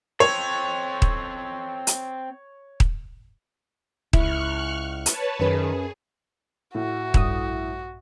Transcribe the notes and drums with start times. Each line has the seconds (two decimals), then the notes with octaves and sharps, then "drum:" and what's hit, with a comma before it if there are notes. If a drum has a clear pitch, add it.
0.20 C4 A4 C#5
1.02 drum: kick D#1
1.87 drum: hi-hat
2.80 drum: kick D#1
4.13 C#2 E4 C#6 F6 F#6, drum: kick D#1
5.06 B4 C#5 A5, drum: hi-hat
5.39 F#2 D#3 C#4 G#4 B4
6.75 A2 F#4
7.14 A#1 G2 D#6, drum: kick D#1